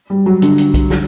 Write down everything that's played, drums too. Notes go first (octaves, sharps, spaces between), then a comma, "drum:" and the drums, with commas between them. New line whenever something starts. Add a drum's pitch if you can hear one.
G3
F#3
D3, drum: hi-hat
drum: hi-hat
drum: kick, hi-hat
drum: snare